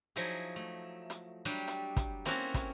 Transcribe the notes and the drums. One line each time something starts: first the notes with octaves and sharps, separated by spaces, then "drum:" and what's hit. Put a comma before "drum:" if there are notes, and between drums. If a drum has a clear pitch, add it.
F3 F#3 D#4 E4 G#4
A3
drum: hi-hat
F#3 G3 D4 G4
drum: hi-hat
drum: kick, hi-hat
A#3 C4 C#4 E4 F#4 A4, drum: hi-hat
drum: kick, hi-hat